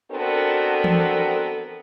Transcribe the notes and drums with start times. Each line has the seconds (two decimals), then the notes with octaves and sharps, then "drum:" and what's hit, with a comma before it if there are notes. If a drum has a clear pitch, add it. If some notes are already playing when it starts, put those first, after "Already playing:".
0.11 B3 C4 D4 F#4 A4 A#4
0.84 drum: tom E3